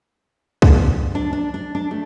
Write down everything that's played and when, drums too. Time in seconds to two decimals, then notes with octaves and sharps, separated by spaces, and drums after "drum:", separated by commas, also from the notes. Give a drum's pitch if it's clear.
0.62 drum: kick
1.15 D4
1.33 D4
1.54 D4
1.75 D4
1.91 A3